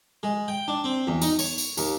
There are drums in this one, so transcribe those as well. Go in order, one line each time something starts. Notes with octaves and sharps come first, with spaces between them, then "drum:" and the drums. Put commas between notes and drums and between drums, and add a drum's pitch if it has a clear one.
G#3
G5
D4
C4
E2
D#4, drum: tambourine
C#5, drum: tambourine
drum: tambourine
D#2, drum: tambourine